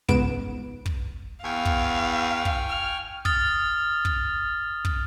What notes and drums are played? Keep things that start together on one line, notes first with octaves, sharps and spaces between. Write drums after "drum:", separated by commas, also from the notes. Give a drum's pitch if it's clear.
C#2 G#2 B3 D7 E7, drum: kick
drum: kick
E2 F5 G5 G#5 C#6
drum: kick
drum: kick
F6
D#6 F6 A6, drum: kick
drum: kick
drum: kick